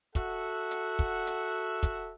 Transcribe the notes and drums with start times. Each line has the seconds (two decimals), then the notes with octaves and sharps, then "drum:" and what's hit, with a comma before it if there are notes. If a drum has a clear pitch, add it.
0.15 F#4 A4 E5 F#5, drum: kick, hi-hat
0.71 drum: hi-hat
0.99 drum: kick
1.27 drum: hi-hat
1.83 drum: kick, hi-hat